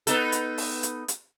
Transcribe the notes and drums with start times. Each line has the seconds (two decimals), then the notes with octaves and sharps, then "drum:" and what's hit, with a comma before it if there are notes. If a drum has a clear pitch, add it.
0.07 B3 D#4 A4, drum: hi-hat
0.32 drum: hi-hat
0.58 drum: open hi-hat
0.83 drum: hi-hat
1.08 drum: hi-hat